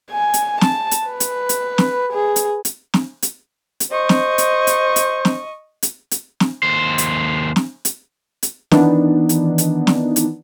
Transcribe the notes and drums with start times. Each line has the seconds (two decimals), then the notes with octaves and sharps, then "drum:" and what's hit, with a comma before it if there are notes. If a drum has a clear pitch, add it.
0.12 G#5
0.34 drum: hi-hat
0.61 A5, drum: snare
0.91 drum: hi-hat
1.07 B4
1.20 drum: hi-hat
1.49 drum: hi-hat
1.78 drum: snare
2.13 G#4
2.36 drum: hi-hat
2.65 drum: hi-hat
2.94 drum: snare
3.23 drum: hi-hat
3.80 drum: hi-hat
3.91 C5 D#5 C#6
4.09 drum: snare
4.38 drum: hi-hat
4.67 drum: hi-hat
4.96 drum: hi-hat
5.25 drum: snare
5.83 drum: hi-hat
6.11 drum: hi-hat
6.40 drum: snare
6.63 D#2 C5
6.98 drum: hi-hat
7.56 drum: snare
7.85 drum: hi-hat
8.43 drum: hi-hat
8.71 D#3 E3 B3 D4 D#4, drum: snare
9.29 drum: hi-hat
9.58 drum: hi-hat
9.87 drum: snare
10.16 drum: hi-hat